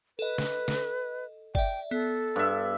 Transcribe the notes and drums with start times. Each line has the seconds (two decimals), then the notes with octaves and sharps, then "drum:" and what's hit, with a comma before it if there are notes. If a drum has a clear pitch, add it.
0.19 A4 B4 D#5
0.38 drum: snare
0.68 drum: snare
1.55 D5 E5 G5, drum: kick G1
1.91 B3 A4
2.36 G2 E5